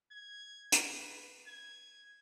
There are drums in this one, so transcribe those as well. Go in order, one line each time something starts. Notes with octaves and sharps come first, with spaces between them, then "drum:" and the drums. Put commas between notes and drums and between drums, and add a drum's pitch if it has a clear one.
G#6
drum: hi-hat
B4
G#6